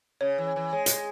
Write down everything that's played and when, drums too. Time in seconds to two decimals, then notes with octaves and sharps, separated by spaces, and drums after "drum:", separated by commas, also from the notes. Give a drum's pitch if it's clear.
0.21 C#3 C#5
0.38 E3
0.47 C#5
0.56 E3
0.73 G#3 C#5
0.86 drum: hi-hat